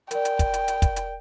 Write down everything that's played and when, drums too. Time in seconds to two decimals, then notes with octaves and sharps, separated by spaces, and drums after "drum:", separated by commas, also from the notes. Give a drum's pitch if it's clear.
0.11 A#4 D5 G5, drum: hi-hat
0.25 drum: hi-hat
0.39 drum: kick, hi-hat
0.54 drum: hi-hat
0.68 drum: hi-hat
0.82 drum: kick, hi-hat
0.96 drum: hi-hat